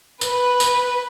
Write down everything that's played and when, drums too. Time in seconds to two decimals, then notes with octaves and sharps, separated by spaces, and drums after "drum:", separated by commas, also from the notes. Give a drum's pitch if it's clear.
0.21 B4, drum: tambourine
0.60 drum: tambourine